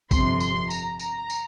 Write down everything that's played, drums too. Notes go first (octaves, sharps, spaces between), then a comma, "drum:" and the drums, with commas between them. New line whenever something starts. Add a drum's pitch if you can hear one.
G1 F2 C3 C6, drum: kick, tambourine
C6, drum: tambourine
A#5, drum: tambourine
A#5, drum: tambourine
drum: tambourine